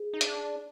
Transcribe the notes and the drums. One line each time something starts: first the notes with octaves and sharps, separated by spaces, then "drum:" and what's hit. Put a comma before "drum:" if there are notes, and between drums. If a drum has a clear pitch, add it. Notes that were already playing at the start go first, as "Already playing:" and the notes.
Already playing: G#4
D#4
D4, drum: hi-hat